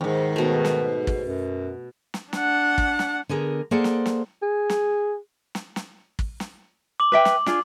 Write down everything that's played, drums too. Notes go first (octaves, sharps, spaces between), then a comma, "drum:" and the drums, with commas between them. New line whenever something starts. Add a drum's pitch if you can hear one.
E2 G#2 D#3
B2 A3
drum: snare
drum: kick
F#2
drum: snare
D4 F#5, drum: snare
drum: kick
drum: snare
D3 B3 G#4 A#4
A#3 G#4 A4 C5 D5 F#5
drum: snare
drum: snare
G#4
drum: snare
drum: snare
drum: snare
drum: kick
drum: snare
D6 F#7
B4 E5 G5
drum: snare
D4 F4 G#4, drum: snare